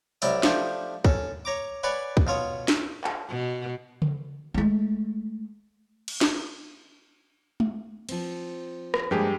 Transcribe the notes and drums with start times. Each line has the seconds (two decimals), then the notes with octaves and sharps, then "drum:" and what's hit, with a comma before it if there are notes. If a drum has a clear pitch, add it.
0.22 C2 F#3 E4 D5, drum: open hi-hat
0.43 F3 A3 D4 G4, drum: snare
1.05 C#4 A4, drum: kick
1.45 C#5 A#5 D6
1.83 B4 C#5 D5 F#5 G#5 B5
2.17 drum: kick
2.27 B2 F4 C#5 D#6
2.68 drum: snare
3.04 drum: clap
3.28 B2
4.02 drum: tom C#3
4.54 G#3 A3
6.08 drum: cymbal
6.21 drum: snare
7.60 drum: tom G#3
8.09 F3 C4, drum: cymbal
8.94 drum: rim click
9.11 G2 F3 G#3 A#3 G4 G#4